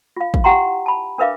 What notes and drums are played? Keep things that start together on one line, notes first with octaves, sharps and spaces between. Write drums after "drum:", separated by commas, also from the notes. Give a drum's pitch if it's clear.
F4 F5
drum: kick
E4 G4 F#5 G5 A#5 C6
A5 B5
D4 A#4 B4 E5 F5 D6